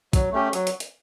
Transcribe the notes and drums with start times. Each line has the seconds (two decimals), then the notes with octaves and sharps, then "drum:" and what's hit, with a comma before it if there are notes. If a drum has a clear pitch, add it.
0.13 F#3, drum: kick, hi-hat
0.33 A3 C#4 G4
0.53 F#3, drum: hi-hat
0.67 drum: hi-hat
0.80 drum: hi-hat